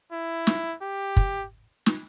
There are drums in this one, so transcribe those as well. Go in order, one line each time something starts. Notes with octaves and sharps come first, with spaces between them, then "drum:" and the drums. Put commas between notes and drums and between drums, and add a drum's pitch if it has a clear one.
E4
drum: snare
G4
drum: kick
drum: snare